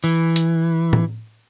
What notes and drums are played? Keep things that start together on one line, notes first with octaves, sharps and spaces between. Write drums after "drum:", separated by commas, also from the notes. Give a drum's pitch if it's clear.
E3
drum: hi-hat
drum: tom A2